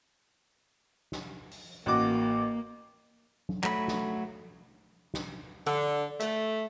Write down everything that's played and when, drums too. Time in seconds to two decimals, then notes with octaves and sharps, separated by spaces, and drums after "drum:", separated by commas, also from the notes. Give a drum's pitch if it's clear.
1.12 drum: snare
1.51 drum: open hi-hat
1.86 A1 A#3 F#4 D6
3.49 drum: tom F#3
3.64 F#3 A3 B5, drum: clap
3.88 drum: snare
5.14 drum: snare
5.66 D3, drum: hi-hat
6.20 A3, drum: hi-hat